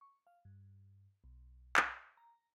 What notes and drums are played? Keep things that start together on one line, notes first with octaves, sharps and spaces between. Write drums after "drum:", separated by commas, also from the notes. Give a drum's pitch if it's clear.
C#6
F5
G2
B1
drum: clap
A#5